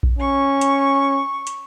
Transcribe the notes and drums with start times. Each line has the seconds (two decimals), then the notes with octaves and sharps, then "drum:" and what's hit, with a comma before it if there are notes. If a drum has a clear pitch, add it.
0.03 drum: kick A#1
0.19 C#4 C#6
0.61 drum: hi-hat
1.47 drum: hi-hat